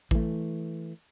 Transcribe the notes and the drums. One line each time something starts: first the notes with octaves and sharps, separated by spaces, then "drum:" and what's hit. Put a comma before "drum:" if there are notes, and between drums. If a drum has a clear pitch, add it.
E3 A3, drum: kick A1